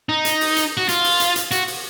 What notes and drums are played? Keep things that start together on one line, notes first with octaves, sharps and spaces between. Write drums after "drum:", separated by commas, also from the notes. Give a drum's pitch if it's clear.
D#4
drum: hi-hat
drum: open hi-hat
drum: hi-hat
F#4
F4, drum: hi-hat
drum: open hi-hat
drum: hi-hat
drum: hi-hat
F#4, drum: hi-hat
drum: open hi-hat